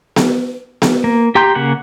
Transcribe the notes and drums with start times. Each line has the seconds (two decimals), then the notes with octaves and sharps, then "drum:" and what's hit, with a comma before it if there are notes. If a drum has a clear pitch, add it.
0.16 drum: snare B3
0.82 drum: snare B3
1.04 A#3
1.35 G4 G5 A#5 C6 G6
1.55 C#3 A#3 F#5